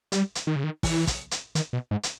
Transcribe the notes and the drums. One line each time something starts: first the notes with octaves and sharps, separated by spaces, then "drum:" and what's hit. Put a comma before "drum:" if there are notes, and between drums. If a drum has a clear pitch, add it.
G3, drum: hi-hat
drum: hi-hat
D#3
C#3
D#3
E3, drum: kick, open hi-hat
drum: kick, hi-hat
drum: hi-hat
D#3, drum: hi-hat
B2
G#2
drum: hi-hat